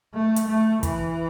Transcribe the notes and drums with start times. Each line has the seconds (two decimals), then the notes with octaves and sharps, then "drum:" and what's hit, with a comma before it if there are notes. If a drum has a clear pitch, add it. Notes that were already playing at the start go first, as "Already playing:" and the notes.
0.14 A3
0.36 drum: hi-hat
0.48 A3
0.83 E3, drum: kick, hi-hat